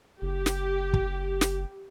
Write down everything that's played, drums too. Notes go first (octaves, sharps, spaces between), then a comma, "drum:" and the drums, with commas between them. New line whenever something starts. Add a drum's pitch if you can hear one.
F#1 G4
drum: snare
drum: kick
drum: snare